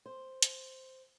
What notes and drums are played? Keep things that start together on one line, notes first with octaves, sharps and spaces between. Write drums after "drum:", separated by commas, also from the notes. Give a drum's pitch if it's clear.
C5
drum: hi-hat